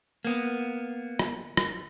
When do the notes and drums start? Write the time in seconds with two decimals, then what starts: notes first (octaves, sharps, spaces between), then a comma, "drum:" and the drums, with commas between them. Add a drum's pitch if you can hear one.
0.25 A#3 B3
1.19 drum: rim click
1.57 drum: rim click